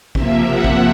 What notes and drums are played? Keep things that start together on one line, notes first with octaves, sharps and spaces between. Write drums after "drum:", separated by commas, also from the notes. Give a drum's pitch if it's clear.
C3 F3 A#3 E5, drum: kick A#1
F#5
drum: kick A#1